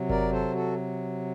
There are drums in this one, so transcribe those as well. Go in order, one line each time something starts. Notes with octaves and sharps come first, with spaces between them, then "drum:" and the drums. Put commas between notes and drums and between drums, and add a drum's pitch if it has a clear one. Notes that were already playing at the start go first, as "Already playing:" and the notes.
Already playing: C3 F#3
A#4 D5, drum: kick G1
A4 C5
F#4 A4